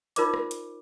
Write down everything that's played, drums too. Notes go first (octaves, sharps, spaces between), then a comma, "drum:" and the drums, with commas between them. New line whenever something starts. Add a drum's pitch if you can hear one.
D#4 F4 A#4 C5 D5 D6, drum: hi-hat
drum: rim click
drum: hi-hat